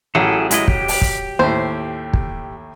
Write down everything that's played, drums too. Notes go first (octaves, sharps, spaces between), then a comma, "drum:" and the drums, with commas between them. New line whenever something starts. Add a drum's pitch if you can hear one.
A1 F#3 E4 G#4 A4
G#3 E4 D#5, drum: hi-hat
G4, drum: kick
drum: open hi-hat
drum: kick
D#2 A2 C5
drum: kick